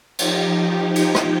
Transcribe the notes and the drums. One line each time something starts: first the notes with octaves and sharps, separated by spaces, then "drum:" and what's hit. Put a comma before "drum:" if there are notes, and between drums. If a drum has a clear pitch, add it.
F3 D#4 G4, drum: cymbal
drum: cymbal
drum: rim click